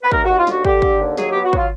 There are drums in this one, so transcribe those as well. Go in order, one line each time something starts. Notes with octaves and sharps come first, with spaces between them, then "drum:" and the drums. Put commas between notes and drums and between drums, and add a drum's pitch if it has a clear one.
B4
D#2 A#4, drum: kick
F#4
D#2
F4
D3 F#4, drum: snare
D3 G4, drum: kick
D3, drum: kick
D#2
F#3 G#4, drum: snare
B3 G4
F#4
F#3 F4, drum: kick